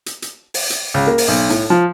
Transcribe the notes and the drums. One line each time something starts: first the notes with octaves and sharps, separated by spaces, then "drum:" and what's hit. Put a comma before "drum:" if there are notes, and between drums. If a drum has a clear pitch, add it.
drum: hi-hat
drum: hi-hat
drum: open hi-hat
drum: hi-hat
C#2
A#3
drum: open hi-hat
B1
A2, drum: hi-hat
F3